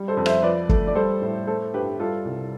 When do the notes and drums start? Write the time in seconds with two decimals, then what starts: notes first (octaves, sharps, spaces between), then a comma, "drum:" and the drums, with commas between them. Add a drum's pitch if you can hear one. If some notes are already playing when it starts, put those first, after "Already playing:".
Already playing: G3
0.08 A4 C5
0.17 F2
0.26 C5 E5, drum: rim click
0.42 F3 B4 D5
0.69 A3, drum: kick
0.87 D5
0.95 G3 A4 C5
1.22 A2
1.47 A3 A4 C5
1.73 G2 G4 B4
2.00 G3 F4 A4
2.25 C2